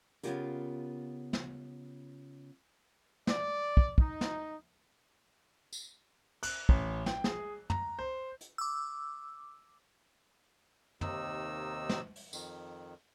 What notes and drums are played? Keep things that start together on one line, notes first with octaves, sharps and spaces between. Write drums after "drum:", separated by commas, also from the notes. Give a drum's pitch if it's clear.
C#3 G#3 B3 F4 G4 A#4, drum: hi-hat
drum: snare
D5, drum: snare
drum: kick
D#4, drum: kick
drum: snare
drum: tambourine
F#6, drum: cymbal
A1, drum: kick
G5, drum: snare
G#4, drum: snare
A#5, drum: tom
C5
drum: hi-hat
D6 E6
D#2 C3 D#3 D#4 E6, drum: tom
drum: snare
drum: open hi-hat
F2 D#3, drum: tambourine